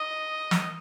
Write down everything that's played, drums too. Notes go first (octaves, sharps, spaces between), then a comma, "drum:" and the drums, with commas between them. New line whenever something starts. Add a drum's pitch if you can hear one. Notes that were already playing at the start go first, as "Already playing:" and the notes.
Already playing: D#5
drum: snare